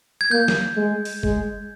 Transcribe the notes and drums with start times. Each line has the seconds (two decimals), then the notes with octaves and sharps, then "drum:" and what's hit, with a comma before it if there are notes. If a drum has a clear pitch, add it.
0.21 G#6
0.31 A#3 G6
0.48 drum: snare
0.77 G#3
1.05 drum: open hi-hat
1.23 G#3, drum: kick F#1